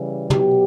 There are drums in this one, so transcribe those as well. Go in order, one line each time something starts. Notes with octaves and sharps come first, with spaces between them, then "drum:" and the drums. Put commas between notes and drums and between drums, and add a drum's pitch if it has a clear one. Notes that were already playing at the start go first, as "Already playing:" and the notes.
Already playing: C#3 E3 G3
B2 F#3 G4, drum: tom